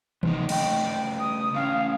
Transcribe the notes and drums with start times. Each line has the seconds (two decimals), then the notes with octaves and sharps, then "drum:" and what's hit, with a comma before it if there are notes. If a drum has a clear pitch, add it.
0.23 C3 A#3 D#4, drum: tom D#3
0.49 C#3 A3 D#5 G5, drum: cymbal
1.19 D#6
1.54 A3 C#4 F5